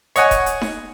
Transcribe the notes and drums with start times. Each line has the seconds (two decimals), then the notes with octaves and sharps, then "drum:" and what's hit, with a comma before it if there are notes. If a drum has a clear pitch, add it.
0.16 C#5 D#5 F#5 G#5, drum: hi-hat
0.31 drum: kick E1, hi-hat
0.46 drum: hi-hat
0.61 drum: snare D#4